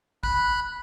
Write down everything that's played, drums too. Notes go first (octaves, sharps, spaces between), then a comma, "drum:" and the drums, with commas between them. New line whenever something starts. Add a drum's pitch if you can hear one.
B5 F#6, drum: kick